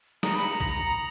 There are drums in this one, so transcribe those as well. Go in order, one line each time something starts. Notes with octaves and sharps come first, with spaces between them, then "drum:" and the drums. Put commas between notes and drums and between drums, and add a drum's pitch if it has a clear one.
A#5 D#6 A#6 C#7, drum: snare
B5
A#5
D#6 A#6 C#7, drum: kick A#1, tambourine